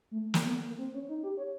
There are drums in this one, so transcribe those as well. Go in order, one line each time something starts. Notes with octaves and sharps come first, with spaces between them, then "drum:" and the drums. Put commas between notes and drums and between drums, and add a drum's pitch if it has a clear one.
A3
A#3, drum: snare
B3
A#3
C4
C#4
D#4
G4
C#5